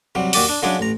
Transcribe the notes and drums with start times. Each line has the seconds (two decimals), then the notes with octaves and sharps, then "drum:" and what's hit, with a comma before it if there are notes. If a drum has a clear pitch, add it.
0.15 C3 F#3 G3
0.33 D#2 F#4 G4 D5 D6 D#6, drum: open hi-hat
0.49 D4
0.62 C#3 F#3 G#3 D4 G#4
0.79 A1 A#5